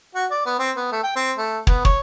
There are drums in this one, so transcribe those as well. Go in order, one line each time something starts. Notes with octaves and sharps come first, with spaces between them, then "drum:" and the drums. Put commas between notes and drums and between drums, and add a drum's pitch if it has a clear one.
F#4
D5
B3
C4
B3
A3
G5
C4
A3
B3, drum: kick
C#5, drum: kick